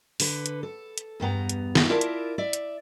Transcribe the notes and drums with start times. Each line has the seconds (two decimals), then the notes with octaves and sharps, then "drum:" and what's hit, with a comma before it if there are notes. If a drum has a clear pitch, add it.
0.20 D3 B4, drum: open hi-hat
0.46 drum: hi-hat
0.63 A4
0.98 drum: hi-hat
1.20 E2 G2 B3 A#5
1.49 drum: hi-hat
1.75 drum: snare
1.89 E4 F4 A#4 D5 E5 A5
2.01 drum: hi-hat
2.38 D5 E5
2.53 drum: hi-hat